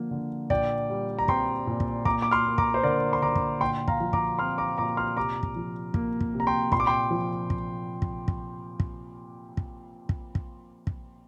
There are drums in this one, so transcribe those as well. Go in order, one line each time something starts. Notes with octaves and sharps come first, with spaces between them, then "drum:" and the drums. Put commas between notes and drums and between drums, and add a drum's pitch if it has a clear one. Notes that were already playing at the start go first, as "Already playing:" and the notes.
Already playing: D3 F3 A#3
D3
A#2 D5 G5, drum: kick
G3
A#5
C4 G5 C6, drum: kick
A#2
drum: kick
A#3 A#5 D6, drum: kick
D6
C6 F6
A#3
A#5 D6, drum: kick
C5
D3 A#4 D5
C6
D3 A#5 D6
drum: kick
A#2 G5 C6
F5 A#5, drum: kick
F3
A#5 D6, drum: kick
C4 C6 F6
A#5 D6
A#2 A#5 D6
C6 F6
C3 A#5 D6
drum: kick
F3
A#3, drum: kick
drum: kick
C3
A#5
G5 C6
A#2 C6, drum: kick
D6
G5 C6
F3
drum: kick
drum: kick
drum: kick
drum: kick
drum: kick
drum: kick
drum: kick
drum: kick